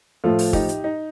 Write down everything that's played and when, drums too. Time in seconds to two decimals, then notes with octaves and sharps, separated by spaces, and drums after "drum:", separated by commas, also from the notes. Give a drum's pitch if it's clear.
0.24 A2 F3 F4 A4
0.39 drum: open hi-hat
0.53 D#4 G4, drum: kick
0.69 drum: hi-hat
0.84 D#4